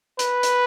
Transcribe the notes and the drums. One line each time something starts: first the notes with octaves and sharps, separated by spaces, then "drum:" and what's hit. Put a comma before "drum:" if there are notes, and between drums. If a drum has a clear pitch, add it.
B4, drum: hi-hat
drum: hi-hat